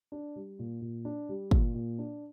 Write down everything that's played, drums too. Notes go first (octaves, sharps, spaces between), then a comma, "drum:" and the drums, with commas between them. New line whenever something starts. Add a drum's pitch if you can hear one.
D4
G3
A#2
A#2
D4
G3
A#2, drum: kick
A#2
D4